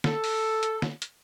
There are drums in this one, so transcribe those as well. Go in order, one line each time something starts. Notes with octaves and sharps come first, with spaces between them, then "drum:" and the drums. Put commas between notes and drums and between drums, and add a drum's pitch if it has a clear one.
A4, drum: snare
drum: open hi-hat
drum: hi-hat
drum: snare
drum: hi-hat